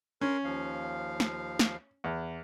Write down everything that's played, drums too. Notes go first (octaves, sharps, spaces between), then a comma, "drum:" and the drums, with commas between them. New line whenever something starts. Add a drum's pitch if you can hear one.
C#4 A#4 C6
D#2 F3 F5
drum: snare
drum: snare
E2